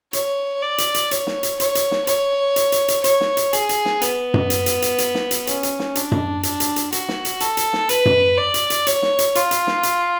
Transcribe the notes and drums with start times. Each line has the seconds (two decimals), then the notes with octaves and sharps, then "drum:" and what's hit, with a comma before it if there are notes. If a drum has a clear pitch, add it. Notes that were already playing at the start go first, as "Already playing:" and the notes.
0.13 C#5, drum: hi-hat
0.62 D5
0.78 drum: hi-hat
0.94 drum: hi-hat
1.11 C#5, drum: hi-hat
1.27 drum: snare
1.43 drum: hi-hat
1.60 C#5, drum: hi-hat
1.75 drum: hi-hat
1.91 drum: snare
2.07 C#5, drum: hi-hat
2.56 drum: hi-hat
2.72 drum: hi-hat
2.88 drum: hi-hat
3.04 C#5, drum: hi-hat
3.21 drum: snare
3.37 drum: hi-hat
3.53 G#4, drum: hi-hat
3.69 drum: hi-hat
3.85 drum: snare
4.02 B3, drum: hi-hat
4.34 drum: tom F#2
4.50 drum: hi-hat
4.66 drum: hi-hat
4.82 drum: hi-hat
4.98 drum: hi-hat
5.15 drum: snare
5.31 drum: hi-hat
5.47 C#4, drum: hi-hat
5.63 drum: hi-hat
5.79 drum: snare
5.95 D4, drum: hi-hat
6.12 drum: tom F#2
6.43 D4, drum: hi-hat
6.60 drum: hi-hat
6.76 drum: hi-hat
6.92 F#4, drum: hi-hat
7.09 drum: snare
7.25 drum: hi-hat
7.40 A4, drum: hi-hat
7.57 drum: hi-hat
7.73 drum: snare
7.89 B4, drum: hi-hat
8.05 drum: tom F#2
8.38 D5
8.54 drum: hi-hat
8.70 drum: hi-hat
8.87 C#5, drum: hi-hat
9.02 drum: snare
9.19 drum: hi-hat
9.35 F4, drum: hi-hat
9.51 drum: hi-hat
9.67 drum: snare
9.83 drum: hi-hat